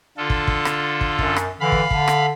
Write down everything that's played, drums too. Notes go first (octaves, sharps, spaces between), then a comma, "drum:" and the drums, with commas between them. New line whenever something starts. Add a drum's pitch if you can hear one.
D3 F4 A4
drum: kick
drum: kick
drum: rim click
drum: kick
F#2, drum: kick
drum: rim click
D3 E3 F5 B5
drum: kick
D3, drum: kick
drum: rim click